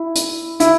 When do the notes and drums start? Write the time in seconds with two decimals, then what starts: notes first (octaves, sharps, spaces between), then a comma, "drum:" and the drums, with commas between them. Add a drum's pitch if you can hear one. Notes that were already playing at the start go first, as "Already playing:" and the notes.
Already playing: E4
0.15 drum: hi-hat
0.60 E4, drum: hi-hat